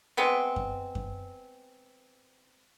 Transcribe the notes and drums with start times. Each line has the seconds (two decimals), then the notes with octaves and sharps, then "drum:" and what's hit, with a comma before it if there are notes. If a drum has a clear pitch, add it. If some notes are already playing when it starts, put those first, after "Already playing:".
0.17 G#3 B3 C4
0.56 drum: kick F#2
0.95 drum: kick F#2